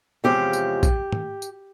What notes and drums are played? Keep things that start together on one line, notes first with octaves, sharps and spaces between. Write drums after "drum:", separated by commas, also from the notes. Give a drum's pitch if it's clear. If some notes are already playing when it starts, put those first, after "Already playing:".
E2 C3 F3 G#3 C#4 G4
drum: tambourine
drum: kick A#1, tambourine
drum: tom
drum: tambourine